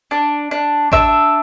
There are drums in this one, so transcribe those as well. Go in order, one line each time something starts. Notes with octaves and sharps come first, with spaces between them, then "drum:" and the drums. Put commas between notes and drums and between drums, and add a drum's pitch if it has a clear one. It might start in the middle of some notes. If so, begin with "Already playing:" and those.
D4
D4
D4 E5 E6, drum: kick A1